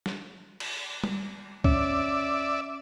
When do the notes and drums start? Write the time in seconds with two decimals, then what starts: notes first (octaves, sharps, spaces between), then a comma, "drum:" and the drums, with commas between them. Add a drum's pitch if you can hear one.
0.06 drum: snare
0.60 drum: cymbal
1.04 drum: tom G3
1.64 C#4 D5 E5, drum: kick C#2